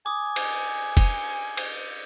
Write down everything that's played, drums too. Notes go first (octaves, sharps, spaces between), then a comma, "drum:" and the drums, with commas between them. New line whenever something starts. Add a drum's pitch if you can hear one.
G#5 D6 D#6
drum: cymbal
drum: kick F1, cymbal
drum: cymbal